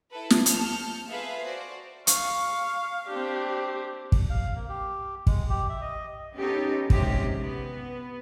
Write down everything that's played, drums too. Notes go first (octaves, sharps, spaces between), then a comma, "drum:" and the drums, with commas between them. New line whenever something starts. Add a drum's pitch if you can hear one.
E4 A4 B4
drum: snare
A5 F6 G6 C#7, drum: hi-hat
F4 G#4 A4 B4 E5 F5
F#4 C5 D5
F5 C#6, drum: hi-hat
C4 D4 G4
drum: kick
F5
A#3
G4
G#3, drum: kick
G4
E5
D#5
B3 C#4 D#4 G4 A4
C3 D#3 F#3 G#3 C#4 G4, drum: kick
B3